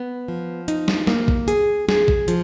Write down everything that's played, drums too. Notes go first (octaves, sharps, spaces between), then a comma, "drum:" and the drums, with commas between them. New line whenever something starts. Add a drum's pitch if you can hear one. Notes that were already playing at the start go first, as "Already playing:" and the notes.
Already playing: B3
F3
D#4, drum: hi-hat
drum: snare
A#3, drum: snare
drum: kick A1
G#4, drum: hi-hat
G#4, drum: snare
drum: kick A1
F3, drum: hi-hat